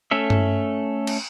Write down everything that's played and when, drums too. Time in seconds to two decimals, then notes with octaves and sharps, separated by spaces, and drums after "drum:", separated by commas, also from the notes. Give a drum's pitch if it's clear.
0.11 A3 C#4 A4 E5
0.30 drum: tom G2
1.07 drum: cymbal